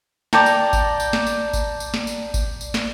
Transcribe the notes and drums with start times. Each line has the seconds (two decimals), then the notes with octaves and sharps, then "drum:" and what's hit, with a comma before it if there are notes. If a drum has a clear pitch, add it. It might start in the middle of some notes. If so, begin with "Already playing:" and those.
0.33 D5 G5 A5 A#5, drum: snare
0.46 drum: tambourine
0.73 drum: kick G#1, tambourine
1.00 drum: tambourine
1.13 drum: snare
1.27 drum: tambourine
1.53 drum: kick G#1, tambourine
1.80 drum: tambourine
1.94 drum: snare
2.07 drum: tambourine
2.34 drum: kick G#1, tambourine
2.61 drum: tambourine
2.74 drum: snare